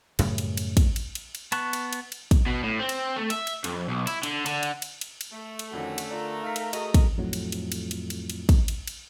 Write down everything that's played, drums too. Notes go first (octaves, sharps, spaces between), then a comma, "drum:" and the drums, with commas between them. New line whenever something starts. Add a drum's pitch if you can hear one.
F#2 A2 C#3 G3, drum: cymbal
drum: cymbal
drum: cymbal
drum: kick, cymbal
drum: cymbal
drum: cymbal
drum: cymbal
B3 A5 C#6 F#6, drum: cymbal
drum: cymbal
drum: cymbal
drum: cymbal
drum: kick, cymbal
B2
A2
C4
drum: cymbal
A3
E5, drum: cymbal
drum: cymbal
F2, drum: cymbal
B1
E4, drum: cymbal
D3, drum: cymbal
D3, drum: cymbal
drum: cymbal
drum: cymbal
drum: cymbal
drum: cymbal
A3 A4
drum: cymbal
F2 D3 D#3 C#4 F#4
drum: cymbal
F4 A#4 D5 A#5
D#4 A4 F5 B6
drum: cymbal
F#4 G#4 A4 D#5, drum: cymbal
drum: kick, cymbal
F2 A2 F#3
drum: cymbal
drum: cymbal
drum: cymbal
drum: cymbal
drum: cymbal
drum: cymbal
drum: kick, cymbal
drum: cymbal
drum: cymbal